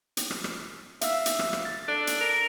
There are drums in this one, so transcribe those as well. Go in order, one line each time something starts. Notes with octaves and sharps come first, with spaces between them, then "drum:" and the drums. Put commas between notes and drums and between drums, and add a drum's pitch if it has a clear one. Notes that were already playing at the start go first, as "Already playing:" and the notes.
drum: hi-hat
drum: rim click
drum: rim click
E5 F5 E6, drum: hi-hat
drum: hi-hat
drum: rim click
drum: rim click
A6
D4 A4
drum: hi-hat
A#4